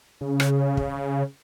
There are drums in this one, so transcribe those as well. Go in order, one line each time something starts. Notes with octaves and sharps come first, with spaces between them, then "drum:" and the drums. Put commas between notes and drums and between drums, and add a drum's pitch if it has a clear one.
C#3
drum: rim click
drum: kick